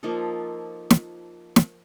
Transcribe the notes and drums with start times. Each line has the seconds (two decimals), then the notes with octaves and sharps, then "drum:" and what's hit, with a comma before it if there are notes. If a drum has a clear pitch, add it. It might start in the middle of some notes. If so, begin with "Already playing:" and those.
0.03 F3 A#3 D#4 A4
0.90 drum: snare
1.56 drum: snare